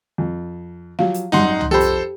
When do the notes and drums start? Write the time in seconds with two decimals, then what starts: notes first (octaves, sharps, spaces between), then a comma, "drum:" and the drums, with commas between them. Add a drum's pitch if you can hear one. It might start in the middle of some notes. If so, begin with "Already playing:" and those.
0.18 F2
0.99 F3 F#3 G4 F5
1.14 drum: hi-hat
1.32 G#1 F#2 G3 D#4 F#5 C6
1.61 drum: tom
1.71 F2 G4 A4 C5 G5 B5
1.81 drum: hi-hat